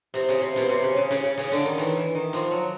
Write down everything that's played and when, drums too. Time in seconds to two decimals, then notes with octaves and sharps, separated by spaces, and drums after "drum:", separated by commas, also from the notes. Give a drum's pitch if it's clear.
0.14 C3, drum: hi-hat
0.29 C#3, drum: hi-hat
0.41 C3
0.56 B2, drum: hi-hat
0.69 C3
0.82 C#3
0.96 C#3
1.11 C#3, drum: hi-hat
1.24 C#3
1.37 C#3, drum: hi-hat
1.52 D3, drum: hi-hat
1.65 D#3
1.78 E3, drum: hi-hat
1.97 E3
2.15 D#3
2.33 F3, drum: hi-hat
2.51 F#3